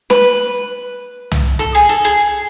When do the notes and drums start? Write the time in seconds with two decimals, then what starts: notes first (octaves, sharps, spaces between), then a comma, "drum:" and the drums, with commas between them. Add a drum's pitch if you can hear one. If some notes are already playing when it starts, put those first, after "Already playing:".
0.10 B4, drum: snare
1.31 drum: tom C2
1.59 A4
1.75 G#4
1.89 A4
2.05 G#4